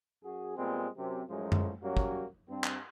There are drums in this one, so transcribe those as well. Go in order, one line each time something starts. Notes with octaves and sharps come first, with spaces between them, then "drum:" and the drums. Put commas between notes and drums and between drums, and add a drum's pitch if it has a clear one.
F#2 F#4 G#4
A#2 G3 G#3 B3 C4
F#2 C3
F#2 A2 F3 F#3 G#3
drum: tom F#2
F#3 G3 A#3 C#4 F#4
drum: kick
G2 C4
drum: clap